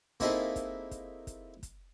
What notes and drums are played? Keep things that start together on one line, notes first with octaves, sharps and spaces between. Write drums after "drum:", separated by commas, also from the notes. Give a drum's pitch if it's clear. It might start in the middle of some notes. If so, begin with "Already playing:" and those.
A#3 C4 D#4 E4 G#4 A4, drum: kick, hi-hat
drum: kick, hi-hat
drum: kick, hi-hat
drum: kick, hi-hat
drum: kick, hi-hat